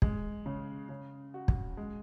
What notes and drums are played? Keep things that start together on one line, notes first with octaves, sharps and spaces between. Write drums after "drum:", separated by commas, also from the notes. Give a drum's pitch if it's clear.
G#3, drum: kick
C#3
C#3
F#4
drum: kick
G#3